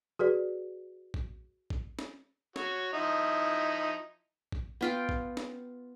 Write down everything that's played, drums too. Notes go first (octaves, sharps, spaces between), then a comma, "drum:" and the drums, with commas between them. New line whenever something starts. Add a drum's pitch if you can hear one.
F#4 G#4 B4 D5
drum: kick A#1
drum: kick A#1
drum: snare
F#4 C#5, drum: snare
F3 D#4 E4
drum: kick A#1
B3 F4 G5
drum: kick A#1
drum: snare